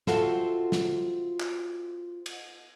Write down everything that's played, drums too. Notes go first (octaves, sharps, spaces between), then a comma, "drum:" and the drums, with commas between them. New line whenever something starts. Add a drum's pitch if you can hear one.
C4 F4 F#4 A4 E5, drum: snare
drum: snare
drum: clap
drum: cymbal